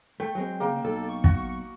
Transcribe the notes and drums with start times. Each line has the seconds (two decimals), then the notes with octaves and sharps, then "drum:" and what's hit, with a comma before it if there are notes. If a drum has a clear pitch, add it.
0.20 A3 G5
0.35 F#3 G#3 C4
0.60 C#3 A#3
0.85 B1 A4
1.09 C#6
1.24 F#4, drum: kick